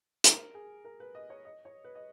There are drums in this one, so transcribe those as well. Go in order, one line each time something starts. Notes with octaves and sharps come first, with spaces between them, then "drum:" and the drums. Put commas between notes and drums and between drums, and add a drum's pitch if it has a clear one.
A#4, drum: hi-hat
G#4
A#4
B4
D#5
C#5
D#5
C#5
B4
D#5